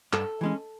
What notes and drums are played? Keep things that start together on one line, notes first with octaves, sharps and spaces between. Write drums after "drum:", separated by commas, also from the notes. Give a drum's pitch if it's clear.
G2 A4, drum: clap
E3 G#3 C#4